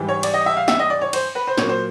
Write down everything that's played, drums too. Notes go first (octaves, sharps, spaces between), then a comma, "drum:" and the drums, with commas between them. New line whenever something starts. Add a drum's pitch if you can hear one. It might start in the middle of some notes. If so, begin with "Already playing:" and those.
Already playing: G#2 E3 G3
C#5
D5, drum: cymbal
D#5
E5
F5
E5, drum: snare
D#5
D5
C#5
C5, drum: cymbal
B4
C5
A#2 F#3 A#3 C#5, drum: snare
C5